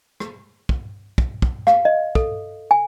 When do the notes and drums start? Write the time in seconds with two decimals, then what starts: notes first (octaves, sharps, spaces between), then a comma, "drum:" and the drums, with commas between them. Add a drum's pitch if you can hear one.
0.20 drum: rim click
0.69 drum: kick
1.18 drum: kick
1.42 drum: kick
1.67 F5, drum: rim click
1.85 D#5
2.15 A4, drum: kick
2.71 G#5